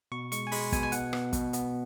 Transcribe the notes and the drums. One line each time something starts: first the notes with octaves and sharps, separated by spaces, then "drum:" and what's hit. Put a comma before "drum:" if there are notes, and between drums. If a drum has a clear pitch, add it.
B2 C#6
G#3 C#6, drum: hi-hat
G#5
G#3 B5, drum: open hi-hat
B2 G#5, drum: kick, hi-hat
G#5
B2 F#5, drum: hi-hat
B3, drum: rim click
B2, drum: kick, hi-hat
B3, drum: hi-hat